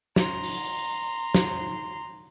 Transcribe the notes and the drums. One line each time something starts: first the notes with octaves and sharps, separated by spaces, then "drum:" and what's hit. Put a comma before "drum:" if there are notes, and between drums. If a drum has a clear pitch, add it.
A#5 C6, drum: snare
drum: open hi-hat
drum: snare